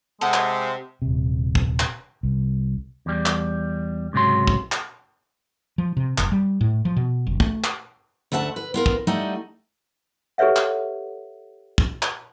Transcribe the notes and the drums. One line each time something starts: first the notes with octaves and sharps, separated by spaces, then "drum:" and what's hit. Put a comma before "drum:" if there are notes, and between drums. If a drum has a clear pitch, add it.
C3 G#3 A4 D#5 F#5
drum: clap
D#1 C3
drum: kick
drum: clap
C2
E2 G3
drum: clap
C#2 G#2 C3 F#3 C6
drum: kick
drum: clap
F3
C3
F#1, drum: clap
G3
A2
F3
B2
F#1
A3, drum: kick
drum: clap
D2 A3 E5 F#5 A5
B4
B3 F4 A#4
drum: kick
G3 A3 D#4 F#5
G4 A4 B4 C#5 E5 F#5
drum: clap
drum: kick
drum: clap